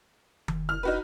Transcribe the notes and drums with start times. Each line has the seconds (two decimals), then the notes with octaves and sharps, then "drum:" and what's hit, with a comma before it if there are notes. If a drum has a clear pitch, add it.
0.48 F1, drum: tom D#3
0.69 F6
0.83 D#4 F#4 B4